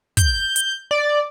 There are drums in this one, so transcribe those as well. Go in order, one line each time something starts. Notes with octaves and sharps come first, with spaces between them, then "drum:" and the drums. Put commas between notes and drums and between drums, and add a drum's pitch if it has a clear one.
G6, drum: kick, hi-hat
drum: hi-hat
D5